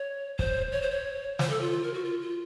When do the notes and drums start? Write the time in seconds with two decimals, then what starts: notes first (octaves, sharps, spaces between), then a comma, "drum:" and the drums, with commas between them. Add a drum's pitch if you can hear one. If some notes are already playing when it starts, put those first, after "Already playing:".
Already playing: C#5
0.39 C5, drum: kick
0.72 C#5
0.82 C5
0.91 C#5
1.39 C5, drum: snare
1.50 A4
1.61 F4
1.72 F4
1.83 A#4
1.94 F#4
2.04 F4
2.22 F4